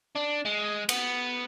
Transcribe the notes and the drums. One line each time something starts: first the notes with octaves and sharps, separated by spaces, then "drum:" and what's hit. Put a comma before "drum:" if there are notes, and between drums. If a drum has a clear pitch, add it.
D4
G#3
B3, drum: cymbal